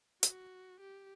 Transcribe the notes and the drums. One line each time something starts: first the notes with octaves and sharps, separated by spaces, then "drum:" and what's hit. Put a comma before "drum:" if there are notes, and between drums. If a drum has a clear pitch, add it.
F#4, drum: hi-hat
G4